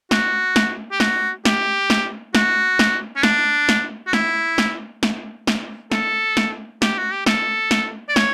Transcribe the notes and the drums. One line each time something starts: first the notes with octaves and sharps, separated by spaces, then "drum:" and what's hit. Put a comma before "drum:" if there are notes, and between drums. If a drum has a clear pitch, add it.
F#4, drum: snare
drum: snare
G4
F#4, drum: snare
G4, drum: snare
drum: snare
F#4, drum: snare
drum: snare
C#4
D4, drum: snare
drum: snare
F#4
E4, drum: snare
drum: snare
drum: snare
drum: snare
A4, drum: snare
drum: snare
G4, drum: snare
F#4
G4
A4, drum: snare
drum: snare
D5
C#5, drum: snare